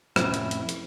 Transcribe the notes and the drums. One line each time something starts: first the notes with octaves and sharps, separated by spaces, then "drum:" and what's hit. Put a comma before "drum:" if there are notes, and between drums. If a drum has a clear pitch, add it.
F2 A2 C3 C#4 E4, drum: rim click
drum: hi-hat
drum: hi-hat
drum: hi-hat